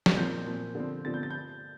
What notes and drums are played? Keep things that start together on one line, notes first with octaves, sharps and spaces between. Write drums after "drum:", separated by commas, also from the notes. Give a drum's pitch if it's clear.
drum: snare
A#2 F3 C4 G6
A#2 F3 C4
D3 F3 C4
D3 F3 C4 A6
G6
A6
G6